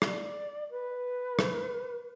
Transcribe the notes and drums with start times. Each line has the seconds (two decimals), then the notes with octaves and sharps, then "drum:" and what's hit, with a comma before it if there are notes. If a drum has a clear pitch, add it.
0.02 D5, drum: rim click
0.70 B4
1.39 drum: rim click